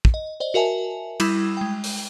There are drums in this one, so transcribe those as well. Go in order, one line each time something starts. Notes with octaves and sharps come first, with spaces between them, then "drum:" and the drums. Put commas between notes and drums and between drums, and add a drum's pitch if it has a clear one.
drum: kick
D#5
C5 D5 D#5
F#4 A#4 E5 G#5 A5
G3 E4 B5 D#6 E6 G#6, drum: cymbal
G#3 G5
drum: open hi-hat